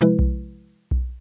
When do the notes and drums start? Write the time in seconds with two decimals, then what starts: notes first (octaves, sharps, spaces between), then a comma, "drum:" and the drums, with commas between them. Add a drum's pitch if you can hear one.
0.01 C3 F3 G#3 E4 B4
0.19 drum: kick B1
0.91 drum: kick B1